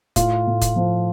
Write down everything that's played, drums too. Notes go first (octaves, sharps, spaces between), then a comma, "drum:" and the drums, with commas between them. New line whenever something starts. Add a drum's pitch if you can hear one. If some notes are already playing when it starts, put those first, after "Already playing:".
A2 F4, drum: kick, hi-hat
A2
drum: kick, hi-hat
F3